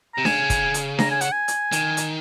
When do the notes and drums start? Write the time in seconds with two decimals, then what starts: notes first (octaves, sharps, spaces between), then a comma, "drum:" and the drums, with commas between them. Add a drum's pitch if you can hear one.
0.14 C3 A#5
0.25 C#3 G#5, drum: snare D4
0.50 drum: kick, hi-hat
0.74 drum: hi-hat
0.99 A#5, drum: snare D4
1.11 G#5
1.21 F#5, drum: hi-hat
1.32 G#5
1.48 drum: hi-hat
1.72 D#3, drum: hi-hat
1.97 drum: hi-hat